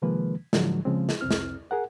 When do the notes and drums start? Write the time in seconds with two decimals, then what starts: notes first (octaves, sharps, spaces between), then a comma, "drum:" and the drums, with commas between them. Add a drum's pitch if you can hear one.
0.02 C3 D#3 F3 G#3 A#3 B4
0.53 A2 D3 F3 F#3 G#3, drum: snare
0.85 C#3 F3 G#3 C4
1.09 drum: snare
1.21 C2 F2 C4 F6
1.31 drum: snare
1.71 G#4 A#4 F#5